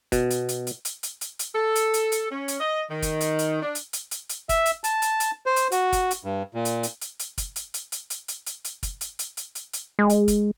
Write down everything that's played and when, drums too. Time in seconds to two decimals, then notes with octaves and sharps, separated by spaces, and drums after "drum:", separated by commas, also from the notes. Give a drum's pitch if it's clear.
0.12 B2, drum: kick, hi-hat
0.30 drum: hi-hat
0.49 drum: hi-hat
0.67 drum: hi-hat
0.85 drum: hi-hat
1.03 drum: hi-hat
1.21 drum: hi-hat
1.39 drum: hi-hat
1.54 A4
1.75 drum: hi-hat
1.94 drum: hi-hat
2.12 drum: hi-hat
2.30 C#4
2.48 drum: hi-hat
2.60 D#5
2.90 D#3
3.02 drum: kick, hi-hat
3.21 drum: hi-hat
3.39 drum: hi-hat
3.61 D4
3.75 drum: hi-hat
3.93 drum: hi-hat
4.11 drum: hi-hat
4.29 drum: hi-hat
4.49 E5, drum: kick, hi-hat
4.66 drum: hi-hat
4.84 A5, drum: hi-hat
5.02 drum: hi-hat
5.20 drum: hi-hat
5.46 C5
5.56 drum: hi-hat
5.72 F#4, drum: hi-hat
5.93 drum: kick, hi-hat
6.11 drum: hi-hat
6.25 G2
6.54 A#2
6.65 drum: hi-hat
6.83 drum: hi-hat
7.01 drum: hi-hat
7.19 drum: hi-hat
7.38 drum: kick, hi-hat
7.56 drum: hi-hat
7.74 drum: hi-hat
7.92 drum: hi-hat
8.10 drum: hi-hat
8.28 drum: hi-hat
8.46 drum: hi-hat
8.64 drum: hi-hat
8.83 drum: kick, hi-hat
9.01 drum: hi-hat
9.19 drum: hi-hat
9.37 drum: hi-hat
9.55 drum: hi-hat
9.73 drum: hi-hat
9.99 G#3
10.10 drum: hi-hat
10.28 drum: kick, hi-hat